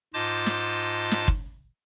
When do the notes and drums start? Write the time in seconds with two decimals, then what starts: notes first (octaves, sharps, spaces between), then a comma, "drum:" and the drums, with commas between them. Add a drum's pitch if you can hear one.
0.14 G#2 F4 D#5 A5 D6 G6
0.46 drum: snare
1.12 drum: snare
1.28 drum: kick